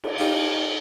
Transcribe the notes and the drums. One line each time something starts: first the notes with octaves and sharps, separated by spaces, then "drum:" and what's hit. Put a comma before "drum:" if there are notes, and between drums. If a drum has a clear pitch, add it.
drum: cymbal
D#4 F4 G4